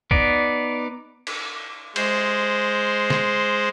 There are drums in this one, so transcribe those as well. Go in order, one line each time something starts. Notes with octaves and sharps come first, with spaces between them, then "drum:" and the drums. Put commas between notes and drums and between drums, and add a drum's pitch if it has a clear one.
B3 D#4 D5, drum: kick
drum: cymbal
G#3 C5, drum: cymbal
drum: snare